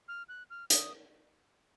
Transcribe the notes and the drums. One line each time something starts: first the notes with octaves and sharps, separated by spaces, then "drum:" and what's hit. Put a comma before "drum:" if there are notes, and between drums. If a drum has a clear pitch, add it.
F6
F#6
F6
D#6, drum: hi-hat